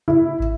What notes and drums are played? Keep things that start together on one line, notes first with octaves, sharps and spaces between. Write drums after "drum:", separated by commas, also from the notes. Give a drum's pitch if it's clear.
E4, drum: tom C3
drum: kick